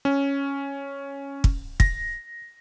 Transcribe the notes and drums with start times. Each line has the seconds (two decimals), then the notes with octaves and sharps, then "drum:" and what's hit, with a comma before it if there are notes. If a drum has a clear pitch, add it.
0.05 C#4
1.44 drum: kick
1.80 A#6, drum: kick